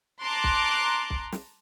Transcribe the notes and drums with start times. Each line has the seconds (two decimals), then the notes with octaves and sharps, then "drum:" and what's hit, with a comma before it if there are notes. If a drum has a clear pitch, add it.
0.22 A5 A#5 C6 D6 F#6
0.44 drum: kick B1
1.10 drum: kick B1
1.32 drum: snare